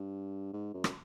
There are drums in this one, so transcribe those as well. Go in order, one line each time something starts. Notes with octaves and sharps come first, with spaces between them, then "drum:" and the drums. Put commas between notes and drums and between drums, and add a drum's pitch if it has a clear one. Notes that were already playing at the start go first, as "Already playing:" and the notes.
Already playing: G2
G#2
F#2
drum: rim click